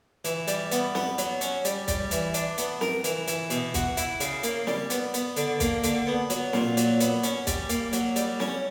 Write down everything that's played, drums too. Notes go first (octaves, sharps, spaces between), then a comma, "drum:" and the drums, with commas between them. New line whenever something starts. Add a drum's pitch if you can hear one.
E3, drum: hi-hat
G3, drum: hi-hat
B3, drum: hi-hat
B3, drum: snare
F#3, drum: hi-hat
C#4, drum: hi-hat
G3, drum: hi-hat
G3, drum: kick, hi-hat
E3, drum: hi-hat
D4, drum: hi-hat
B3, drum: hi-hat
A#4, drum: snare
E3, drum: hi-hat
E3, drum: hi-hat
B2, drum: hi-hat
F#4, drum: kick, hi-hat
E4, drum: hi-hat
C#3, drum: hi-hat
A#3, drum: hi-hat
G3, drum: snare
B3, drum: hi-hat
B3, drum: hi-hat
D3, drum: hi-hat
A#3, drum: kick, hi-hat
D3, drum: hi-hat
B3
F#3, drum: hi-hat
A#2, drum: snare
F#3, drum: hi-hat
B3, drum: hi-hat
C#4, drum: hi-hat
G3, drum: kick, hi-hat
A#3, drum: hi-hat
F#3, drum: hi-hat
G3, drum: hi-hat
C#4, drum: snare